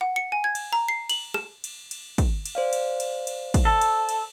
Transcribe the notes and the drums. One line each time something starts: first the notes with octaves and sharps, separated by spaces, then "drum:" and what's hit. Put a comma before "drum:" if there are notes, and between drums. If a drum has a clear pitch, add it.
F#5
C#7
G#5
G#6
drum: cymbal
A#5
C7
F#7, drum: cymbal
E7, drum: rim click
drum: cymbal
drum: cymbal
drum: kick, cymbal
drum: cymbal
C5 D5 F5
drum: cymbal
drum: cymbal
drum: cymbal
drum: kick, cymbal
A4
drum: cymbal
drum: cymbal